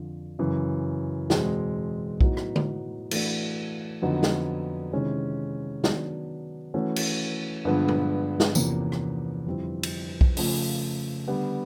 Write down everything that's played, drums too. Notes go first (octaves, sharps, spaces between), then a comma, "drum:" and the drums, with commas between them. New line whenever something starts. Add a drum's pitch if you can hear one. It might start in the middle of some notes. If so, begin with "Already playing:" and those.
Already playing: F2 D3 F3
F#2 C#3 E3
E2 B2 G#3 C4, drum: snare
A2 F#3 B3 D#4 F#4, drum: kick B1
drum: rim click
drum: tom D3
E3 A3 D4 F#4, drum: cymbal
F2 D3 F#3 B3 D#4
drum: snare
C3 D#3 G#3 C#4 E4
D#3 F#3 B3 D4, drum: snare
E3 A3 C#4 F#4
drum: cymbal
G2 D3 F3 G#3 B3
drum: tom A#2
drum: snare
E2 C3 F3 A#3 C#4, drum: tambourine
drum: rim click
F2 D3 G3 C4 E4
drum: cymbal
drum: kick B1
C#3 F3 A3, drum: open hi-hat
D3 G3 B3